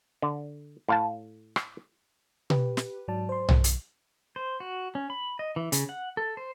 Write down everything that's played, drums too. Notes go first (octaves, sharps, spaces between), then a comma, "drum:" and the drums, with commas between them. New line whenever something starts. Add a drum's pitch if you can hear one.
D3
A2 F5 A5
drum: rim click
G4 B4, drum: tom B2
drum: snare
G#2 F#3 D5 A5
C5 C6
drum: tom B1
drum: hi-hat
C5
F#4
C#4
B5
D#5
E3
C#3, drum: hi-hat
F#5
A4
C5